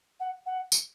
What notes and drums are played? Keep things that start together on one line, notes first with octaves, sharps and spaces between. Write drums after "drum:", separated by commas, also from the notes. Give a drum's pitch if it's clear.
F#5
F#5
drum: tambourine